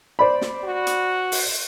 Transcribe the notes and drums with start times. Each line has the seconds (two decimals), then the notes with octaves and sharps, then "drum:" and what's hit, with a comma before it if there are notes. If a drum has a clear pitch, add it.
0.19 C5 D5 B5
0.41 drum: snare
0.65 F#4
0.87 drum: hi-hat
1.32 drum: open hi-hat